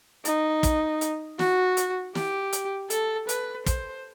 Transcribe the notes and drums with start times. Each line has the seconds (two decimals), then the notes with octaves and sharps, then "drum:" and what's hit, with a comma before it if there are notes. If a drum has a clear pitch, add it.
0.25 D#4, drum: hi-hat
0.63 drum: kick, hi-hat
1.01 drum: hi-hat
1.39 F#4, drum: snare
1.77 drum: hi-hat
2.15 G4, drum: snare
2.53 drum: hi-hat
2.90 A4, drum: hi-hat
3.29 B4, drum: hi-hat
3.67 C5, drum: kick, hi-hat